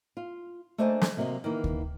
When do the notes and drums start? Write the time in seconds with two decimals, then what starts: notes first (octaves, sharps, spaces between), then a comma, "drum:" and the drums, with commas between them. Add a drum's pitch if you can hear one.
0.17 F4
0.78 A3 A#3 D4 C5 D#5 G#5
1.02 drum: snare
1.17 C3 A#3 F#4 D5 D#5
1.44 D#3 E3 A#3
1.64 drum: kick D2